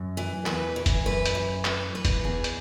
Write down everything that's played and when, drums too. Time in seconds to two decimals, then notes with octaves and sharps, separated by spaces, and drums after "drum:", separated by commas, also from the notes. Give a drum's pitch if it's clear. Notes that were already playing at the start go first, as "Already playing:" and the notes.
Already playing: F#2
0.17 E3
0.46 E2 B4, drum: clap
0.76 E3
0.86 drum: kick F1, hi-hat
1.06 F#2 B4
1.26 drum: hi-hat
1.35 E3
1.65 E3, drum: clap
1.95 B4
2.05 drum: kick F1, hi-hat
2.24 E2 G#4
2.44 drum: hi-hat